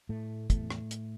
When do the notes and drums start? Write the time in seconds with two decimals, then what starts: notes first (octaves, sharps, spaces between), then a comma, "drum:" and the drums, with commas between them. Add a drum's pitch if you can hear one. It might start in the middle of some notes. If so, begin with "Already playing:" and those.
0.09 A2 A3
0.50 F#1 E2 A2 C3 A3, drum: kick, hi-hat
0.70 drum: rim click
0.91 drum: hi-hat